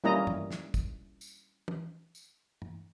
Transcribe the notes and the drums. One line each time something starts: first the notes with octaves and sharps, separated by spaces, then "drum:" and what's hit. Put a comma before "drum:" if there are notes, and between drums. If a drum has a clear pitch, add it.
G3 A#3 C#4 E4 D#5 A#5
drum: tom
drum: snare
drum: kick, tambourine
drum: tambourine
drum: tom
drum: tambourine
drum: tom G2